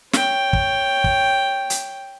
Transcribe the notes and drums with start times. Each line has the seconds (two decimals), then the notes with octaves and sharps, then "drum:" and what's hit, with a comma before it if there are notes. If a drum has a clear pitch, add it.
0.13 C#5 G5, drum: snare
0.53 drum: kick
1.04 drum: kick
1.70 drum: hi-hat